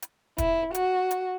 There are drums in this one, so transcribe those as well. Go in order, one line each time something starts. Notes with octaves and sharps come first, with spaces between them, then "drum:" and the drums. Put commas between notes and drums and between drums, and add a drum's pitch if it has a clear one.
drum: hi-hat
E4, drum: kick, hi-hat
F#4, drum: hi-hat
drum: hi-hat